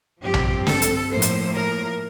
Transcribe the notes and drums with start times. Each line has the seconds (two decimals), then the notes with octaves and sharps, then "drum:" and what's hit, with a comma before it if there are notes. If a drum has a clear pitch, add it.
0.21 G2 F3 C4 G4
0.34 drum: tom A#1
0.67 A4, drum: snare
0.82 drum: hi-hat
1.10 A2 F3 A#3 C5
1.22 drum: hi-hat
1.55 A#4